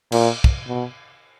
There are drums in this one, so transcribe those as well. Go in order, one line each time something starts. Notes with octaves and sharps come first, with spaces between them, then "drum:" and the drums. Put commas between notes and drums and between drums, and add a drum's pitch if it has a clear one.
A#2, drum: cymbal
drum: kick
B2